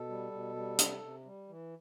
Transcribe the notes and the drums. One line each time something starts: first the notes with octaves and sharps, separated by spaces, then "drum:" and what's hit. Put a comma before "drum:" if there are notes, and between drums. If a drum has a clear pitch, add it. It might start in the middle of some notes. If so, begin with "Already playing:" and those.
Already playing: B2 A4
G3
B2
G3
C3, drum: hi-hat
C3
G3
E3